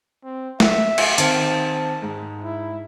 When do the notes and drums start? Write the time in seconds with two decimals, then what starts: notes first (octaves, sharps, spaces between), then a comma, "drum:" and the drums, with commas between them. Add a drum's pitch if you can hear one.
0.24 C4
0.60 E5, drum: snare
0.98 drum: cymbal
1.18 D#3 C4 A5 F6, drum: hi-hat
2.02 G#2
2.44 E4